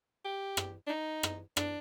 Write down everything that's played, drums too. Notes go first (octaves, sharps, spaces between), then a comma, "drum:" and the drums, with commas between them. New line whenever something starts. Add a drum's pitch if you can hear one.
G4
drum: rim click
D4
D#4
drum: rim click
D4, drum: rim click